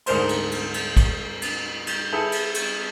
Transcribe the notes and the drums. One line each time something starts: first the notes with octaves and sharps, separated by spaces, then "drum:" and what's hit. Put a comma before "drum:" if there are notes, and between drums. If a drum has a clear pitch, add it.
D2 G#2 A#4 C5 C6, drum: cymbal
drum: cymbal
drum: cymbal
drum: cymbal
drum: kick, cymbal
drum: cymbal
drum: cymbal
E4 G#4 A4 B4
drum: cymbal
drum: cymbal